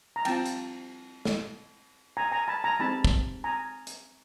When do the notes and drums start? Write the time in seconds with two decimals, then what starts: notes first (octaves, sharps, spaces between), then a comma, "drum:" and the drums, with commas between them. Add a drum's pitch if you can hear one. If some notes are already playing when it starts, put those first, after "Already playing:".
0.16 A#5
0.25 G3 C4 F4 G5 A5, drum: cymbal
0.46 drum: hi-hat
1.25 drum: snare
2.17 G#5 A#5
2.32 G#5 A#5
2.48 A5 B5
2.64 G#5 A#5
2.79 G#3 C4 D#4 G4 A5 B5
3.05 drum: kick
3.44 G#5 A#5
3.87 drum: hi-hat